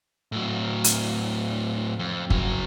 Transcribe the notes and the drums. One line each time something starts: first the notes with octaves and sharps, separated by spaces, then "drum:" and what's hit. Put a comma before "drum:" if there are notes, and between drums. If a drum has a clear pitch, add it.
A2 F#3
drum: hi-hat
F2
C#3 F#3, drum: kick